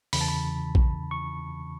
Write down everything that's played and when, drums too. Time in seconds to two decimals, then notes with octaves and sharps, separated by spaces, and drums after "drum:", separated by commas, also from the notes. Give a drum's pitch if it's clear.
0.13 E2 C#3 E3 B5, drum: open hi-hat
0.21 A5
0.28 B5
0.75 drum: kick A#1
1.11 C#6